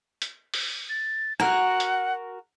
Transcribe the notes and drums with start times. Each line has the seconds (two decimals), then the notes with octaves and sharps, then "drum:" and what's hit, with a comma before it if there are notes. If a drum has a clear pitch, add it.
0.22 drum: hi-hat
0.54 drum: open hi-hat
0.89 A6
1.40 F#4 A#4 F#5, drum: rim click
1.80 drum: hi-hat